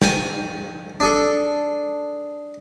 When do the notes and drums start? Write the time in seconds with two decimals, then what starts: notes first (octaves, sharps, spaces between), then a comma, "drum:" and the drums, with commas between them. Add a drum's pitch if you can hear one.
0.02 G5 G#5, drum: snare
1.00 D4 G#4 A4